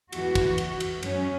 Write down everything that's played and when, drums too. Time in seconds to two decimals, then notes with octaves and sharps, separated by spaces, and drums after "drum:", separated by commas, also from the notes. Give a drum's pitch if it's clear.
0.13 E2 E3 F#4, drum: cymbal
0.35 drum: kick, cymbal
0.58 drum: cymbal
0.80 drum: cymbal
1.03 F#2 F#3 C#4, drum: cymbal